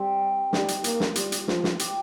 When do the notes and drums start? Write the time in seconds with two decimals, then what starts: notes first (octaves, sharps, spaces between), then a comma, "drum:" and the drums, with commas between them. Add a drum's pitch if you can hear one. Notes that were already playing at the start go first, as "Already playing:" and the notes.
Already playing: G3 C4
0.53 G3 D#4, drum: snare
0.68 drum: hi-hat
0.84 A#3, drum: hi-hat
1.00 drum: snare
1.15 G3 F4, drum: hi-hat
1.32 drum: hi-hat
1.48 F3, drum: snare
1.64 drum: snare
1.79 G4, drum: hi-hat